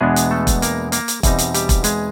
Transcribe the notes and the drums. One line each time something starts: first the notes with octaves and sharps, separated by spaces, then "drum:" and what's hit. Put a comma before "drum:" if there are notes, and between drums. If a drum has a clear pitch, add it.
E2 B2 G#3 B3 D4 G#4
drum: hi-hat
A3 A4
drum: kick E1, hi-hat
A#3 A#4, drum: hi-hat
A#3 A#4, drum: hi-hat
drum: hi-hat
E2 B2 G3 C4 D#4, drum: kick E1, hi-hat
drum: hi-hat
G3 G4, drum: hi-hat
drum: kick E1, hi-hat
G#3 G#4, drum: hi-hat